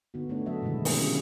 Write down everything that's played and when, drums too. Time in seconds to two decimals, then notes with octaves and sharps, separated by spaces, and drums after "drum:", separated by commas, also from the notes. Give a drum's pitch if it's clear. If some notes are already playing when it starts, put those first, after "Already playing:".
0.14 D3 B3 D#4 F#4
0.29 A3 B3 D4 C#5
0.46 F#3 A4 D#5 E5
0.62 B2 D3 D#3 G#3 E4
0.85 A#3 C#4 D4 E4 G#4, drum: open hi-hat
0.99 D3 F#3 C#4 E4 G4 D5